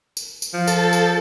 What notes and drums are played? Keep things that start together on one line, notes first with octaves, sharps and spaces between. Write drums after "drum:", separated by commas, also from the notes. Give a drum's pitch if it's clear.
drum: tambourine
drum: tambourine
F3
A4, drum: tambourine
drum: tambourine